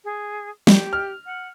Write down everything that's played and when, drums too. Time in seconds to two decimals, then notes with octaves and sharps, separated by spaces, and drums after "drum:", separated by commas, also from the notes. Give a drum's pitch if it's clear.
0.04 G#4
0.67 G4, drum: snare
0.93 F6
1.25 F#5